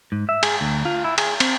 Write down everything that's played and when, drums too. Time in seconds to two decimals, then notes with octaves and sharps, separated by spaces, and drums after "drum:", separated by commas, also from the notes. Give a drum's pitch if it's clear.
0.12 G#2
0.29 E5
0.43 G#4, drum: cymbal
0.61 D2
0.85 F4
1.04 E4
1.18 G#4, drum: cymbal
1.40 C4, drum: cymbal